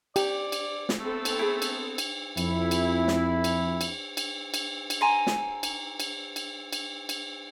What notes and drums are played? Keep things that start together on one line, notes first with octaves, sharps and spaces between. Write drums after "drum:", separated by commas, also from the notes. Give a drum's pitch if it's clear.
G4 D5, drum: cymbal
drum: cymbal
drum: snare
A3 B3 C4 A4
drum: cymbal
E4 G#4
drum: cymbal
drum: cymbal
F2 E4, drum: cymbal
drum: cymbal
drum: snare
drum: cymbal
drum: cymbal
drum: cymbal
drum: cymbal
drum: cymbal
G#5 A#5 C6
drum: snare
drum: cymbal
drum: cymbal
drum: cymbal
drum: cymbal
drum: cymbal